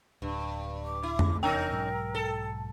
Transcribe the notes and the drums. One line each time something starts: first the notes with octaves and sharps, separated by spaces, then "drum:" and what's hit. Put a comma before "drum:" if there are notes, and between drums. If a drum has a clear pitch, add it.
D1 G2
D6
E4
drum: tom F2
F1 E2 C#4 D#4 A#4 G5 A#5 E6
B1 G#2 F#3
A4